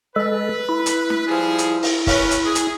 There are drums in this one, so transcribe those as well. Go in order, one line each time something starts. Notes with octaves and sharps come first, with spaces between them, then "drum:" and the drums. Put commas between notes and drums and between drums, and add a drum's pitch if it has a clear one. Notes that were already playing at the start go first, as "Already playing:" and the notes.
G#3 A4 B4
E4
drum: hi-hat
drum: snare
F3 G3 G#4
drum: hi-hat
drum: open hi-hat
C#4 B4, drum: kick, open hi-hat
drum: hi-hat
G#4
drum: hi-hat